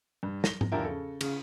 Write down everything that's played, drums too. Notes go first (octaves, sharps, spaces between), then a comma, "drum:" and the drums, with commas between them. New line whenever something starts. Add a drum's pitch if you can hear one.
G2
A#6 G7, drum: snare
drum: tom G#2
E2 D3 F3 E4 G4 A#4
C#3 A4
C#3, drum: cymbal